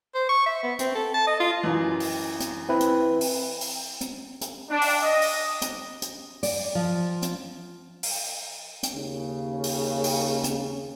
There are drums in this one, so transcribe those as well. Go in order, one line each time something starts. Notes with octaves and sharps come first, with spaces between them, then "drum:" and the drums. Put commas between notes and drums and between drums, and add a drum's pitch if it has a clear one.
C5
C#6
E5
B3
C4, drum: hi-hat
A4
A5
D#5
F4
F#2 E3
drum: open hi-hat
drum: hi-hat
C4 E4 B4
drum: hi-hat
drum: open hi-hat
drum: open hi-hat
drum: hi-hat
drum: hi-hat
D4
drum: open hi-hat
D#5
drum: open hi-hat
drum: hi-hat
drum: hi-hat
D5, drum: open hi-hat
F3
drum: hi-hat
drum: open hi-hat
drum: hi-hat
D#2 C#3
drum: open hi-hat
drum: open hi-hat
drum: hi-hat